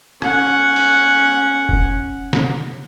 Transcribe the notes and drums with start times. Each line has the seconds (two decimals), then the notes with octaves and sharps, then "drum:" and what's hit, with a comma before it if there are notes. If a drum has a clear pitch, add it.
0.22 C#4 F#5, drum: rim click
0.76 drum: open hi-hat
1.69 drum: kick F1
2.33 drum: snare